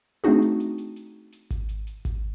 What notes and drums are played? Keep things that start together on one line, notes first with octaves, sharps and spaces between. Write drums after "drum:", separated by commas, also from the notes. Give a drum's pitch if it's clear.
A3 C4 D4 D#4 F#4 G#4, drum: hi-hat
drum: hi-hat
drum: hi-hat
drum: hi-hat
drum: hi-hat
drum: hi-hat
drum: kick G#1, hi-hat
drum: hi-hat
drum: hi-hat
drum: kick G#1, hi-hat